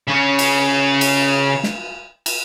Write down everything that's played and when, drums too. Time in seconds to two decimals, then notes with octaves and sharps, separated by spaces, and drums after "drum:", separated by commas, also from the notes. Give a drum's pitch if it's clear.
0.07 C#3 C#4
0.39 drum: cymbal
1.01 drum: cymbal
1.64 drum: snare
2.26 drum: cymbal